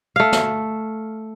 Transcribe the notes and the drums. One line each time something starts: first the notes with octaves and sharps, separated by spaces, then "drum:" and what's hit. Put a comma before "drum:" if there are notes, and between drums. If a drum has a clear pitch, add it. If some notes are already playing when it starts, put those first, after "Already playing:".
A3 F5
drum: snare